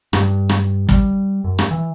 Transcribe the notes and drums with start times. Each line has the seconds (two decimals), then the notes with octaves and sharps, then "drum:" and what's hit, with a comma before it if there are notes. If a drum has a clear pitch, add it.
0.13 G2, drum: rim click
0.49 drum: rim click
0.89 G3, drum: kick
1.44 F#2
1.59 drum: rim click
1.71 E3